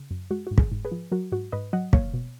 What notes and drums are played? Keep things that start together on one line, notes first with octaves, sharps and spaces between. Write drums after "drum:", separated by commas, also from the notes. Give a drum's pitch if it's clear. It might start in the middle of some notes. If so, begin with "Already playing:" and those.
Already playing: C#3
F#2
G#3 F#4
G#2 F#4
G#4, drum: kick
G#2
G#4 B4
F3
F#3 F#4 A#4
G#2 F#4
G#2 B4 D#5
F#3 D#5 F#5
A#3 C#5 F5, drum: kick
B2